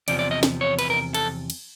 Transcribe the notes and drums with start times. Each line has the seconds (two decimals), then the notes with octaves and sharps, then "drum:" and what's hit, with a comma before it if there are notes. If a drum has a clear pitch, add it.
0.08 E2 C3 F3 D5, drum: cymbal
0.19 D5
0.31 D#5
0.43 drum: snare
0.61 C#5
0.79 B4, drum: cymbal
0.90 A#4
1.14 A4, drum: cymbal
1.50 drum: cymbal